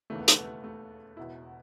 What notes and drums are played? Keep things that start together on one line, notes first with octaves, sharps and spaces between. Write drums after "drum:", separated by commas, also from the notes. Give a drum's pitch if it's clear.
E1 D#2 C#3 E3 A3
B3
A3, drum: hi-hat
B3
A3
A3
E1 E2 B2 E4